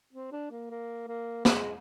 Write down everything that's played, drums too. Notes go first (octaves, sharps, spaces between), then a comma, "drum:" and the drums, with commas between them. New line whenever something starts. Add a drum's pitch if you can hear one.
C4
D4
A#3
A#3
A#3
G#3, drum: snare